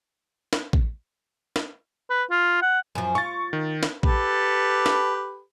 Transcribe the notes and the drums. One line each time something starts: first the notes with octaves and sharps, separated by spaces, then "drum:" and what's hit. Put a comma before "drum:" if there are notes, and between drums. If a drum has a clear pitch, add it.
drum: snare
drum: kick A1
drum: snare
B4
F4
F#5
F#2 F3
F4 C#6 A6
D#3
drum: snare
G4 A4 B4, drum: kick A1
drum: snare